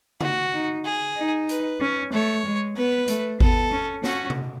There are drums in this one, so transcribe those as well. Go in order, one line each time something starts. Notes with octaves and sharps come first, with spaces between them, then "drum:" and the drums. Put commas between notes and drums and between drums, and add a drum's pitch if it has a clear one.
F#4, drum: tom C#3
D#4
G#4
D#4
B4, drum: hi-hat
C#4
A3 C#5
G#3
B3 B4
A3, drum: hi-hat
B3 A4, drum: kick G#1
C#4
C#4 F#4, drum: snare
drum: tom C3